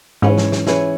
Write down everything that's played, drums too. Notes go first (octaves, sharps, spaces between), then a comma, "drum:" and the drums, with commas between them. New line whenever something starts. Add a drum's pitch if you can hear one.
G#2 E3 C#4 G#4 B4
drum: snare
drum: snare
E3 C#4 G#4 B4, drum: snare